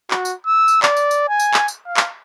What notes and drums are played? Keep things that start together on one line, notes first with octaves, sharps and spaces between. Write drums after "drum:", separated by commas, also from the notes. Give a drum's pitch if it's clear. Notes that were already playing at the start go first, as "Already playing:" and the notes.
F#4, drum: clap
drum: tambourine
E6
drum: tambourine
D5, drum: clap
drum: tambourine
drum: tambourine
G#5
drum: tambourine
drum: clap
drum: tambourine
F5
drum: clap